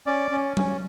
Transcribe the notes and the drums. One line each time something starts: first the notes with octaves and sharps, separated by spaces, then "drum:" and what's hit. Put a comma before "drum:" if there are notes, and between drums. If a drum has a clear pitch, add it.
C#4 D5
C#4
C#4, drum: tom F#3